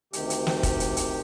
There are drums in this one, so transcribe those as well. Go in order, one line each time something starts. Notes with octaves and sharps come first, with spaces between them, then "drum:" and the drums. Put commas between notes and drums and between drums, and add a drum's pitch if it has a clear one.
D2 C3 D#3 G4, drum: hi-hat
drum: hi-hat
drum: snare
drum: kick F1, hi-hat
drum: hi-hat
drum: hi-hat